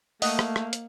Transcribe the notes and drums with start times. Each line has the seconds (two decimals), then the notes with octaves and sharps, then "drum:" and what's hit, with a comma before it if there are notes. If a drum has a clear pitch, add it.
0.22 A3 A#3 D#5 F#5, drum: open hi-hat
0.39 drum: rim click
0.56 drum: rim click
0.73 drum: hi-hat